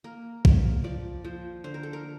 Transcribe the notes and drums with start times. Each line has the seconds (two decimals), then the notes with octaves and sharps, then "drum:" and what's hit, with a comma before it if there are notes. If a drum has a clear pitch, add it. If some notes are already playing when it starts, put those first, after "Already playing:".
0.04 A#3 A#4
0.45 A#3, drum: kick
0.84 F3 D5
1.25 F3 C5
1.64 D3 C5
1.74 A#4
1.83 A4
1.93 A#4